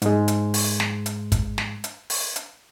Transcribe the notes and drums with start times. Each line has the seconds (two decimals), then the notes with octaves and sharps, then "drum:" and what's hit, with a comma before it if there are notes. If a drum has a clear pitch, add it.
0.02 G#2 G#3, drum: hi-hat
0.28 drum: hi-hat
0.54 drum: open hi-hat
0.80 drum: snare
1.06 drum: hi-hat
1.32 drum: kick, hi-hat
1.58 drum: snare
1.84 drum: hi-hat
2.10 drum: open hi-hat
2.36 drum: hi-hat